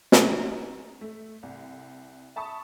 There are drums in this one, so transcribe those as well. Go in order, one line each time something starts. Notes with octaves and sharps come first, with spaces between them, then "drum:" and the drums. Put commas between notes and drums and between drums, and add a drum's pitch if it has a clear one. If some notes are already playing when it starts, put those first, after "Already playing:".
A#5, drum: snare
A3
C2
E5 A5 B5 C#6 D#6